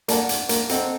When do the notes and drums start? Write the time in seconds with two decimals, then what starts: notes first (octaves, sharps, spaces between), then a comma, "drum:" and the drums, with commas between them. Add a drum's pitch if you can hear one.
0.08 A#3 A4 D5 F#5 A5, drum: hi-hat
0.29 drum: hi-hat
0.49 A#3, drum: hi-hat
0.69 C4 A4 D#5 F#5 A#5, drum: hi-hat